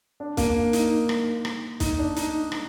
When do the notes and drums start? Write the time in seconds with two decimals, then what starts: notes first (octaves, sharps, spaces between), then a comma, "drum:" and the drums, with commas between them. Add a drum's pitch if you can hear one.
0.20 D4
0.37 A#3, drum: kick, hi-hat
0.73 D#4, drum: hi-hat
1.09 drum: rim click
1.45 drum: rim click
1.80 D#4, drum: kick, hi-hat
1.99 D4
2.16 D#4, drum: hi-hat
2.52 drum: rim click